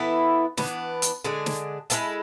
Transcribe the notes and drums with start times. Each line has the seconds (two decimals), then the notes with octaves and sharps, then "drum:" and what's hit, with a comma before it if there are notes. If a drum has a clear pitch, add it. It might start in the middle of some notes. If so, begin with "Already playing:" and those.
Already playing: E3 B3 E4 A4
0.57 E3 B3 D4, drum: snare
1.02 drum: hi-hat
1.24 D3 G#3 D4 G#4
1.46 drum: snare
1.90 G#3 B3 E4 A4, drum: hi-hat